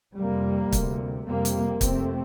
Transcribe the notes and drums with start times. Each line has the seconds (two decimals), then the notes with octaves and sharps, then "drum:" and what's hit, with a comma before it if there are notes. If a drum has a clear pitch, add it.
0.17 F2 C3 G3 A#3
0.72 D2 C3, drum: kick, hi-hat
1.26 F2 C3 G3 A#3
1.45 drum: hi-hat
1.81 F2 C3 A3 C4, drum: kick, hi-hat